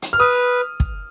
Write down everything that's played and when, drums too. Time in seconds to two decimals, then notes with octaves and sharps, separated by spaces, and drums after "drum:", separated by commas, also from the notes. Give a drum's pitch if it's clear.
0.02 drum: hi-hat
0.13 F6
0.20 B4 D#6
0.80 drum: kick